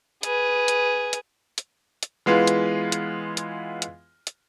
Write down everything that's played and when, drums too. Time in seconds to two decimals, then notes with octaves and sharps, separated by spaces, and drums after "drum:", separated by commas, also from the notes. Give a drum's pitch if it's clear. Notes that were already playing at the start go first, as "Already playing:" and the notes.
0.23 G#4 B4, drum: hi-hat
0.68 drum: hi-hat
1.13 drum: hi-hat
1.58 drum: hi-hat
2.03 drum: hi-hat
2.26 E3 G#3 B3 F4
2.47 drum: hi-hat
2.92 drum: hi-hat
3.37 drum: hi-hat
3.82 drum: hi-hat
4.27 drum: hi-hat